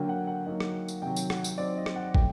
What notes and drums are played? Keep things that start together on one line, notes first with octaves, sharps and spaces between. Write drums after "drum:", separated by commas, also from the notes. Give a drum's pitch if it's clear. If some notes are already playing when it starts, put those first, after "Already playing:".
Already playing: D3 F#3 A#3 G5
F#5
F#5
F#3 A#3 D#4
drum: rim click
drum: tambourine
C3 D#3 F#3 G5
drum: tambourine
F#5, drum: rim click
drum: tambourine
F#3 C4 D#4 D5
D#5
drum: rim click
F#5
C3 F#3 A3 G5, drum: kick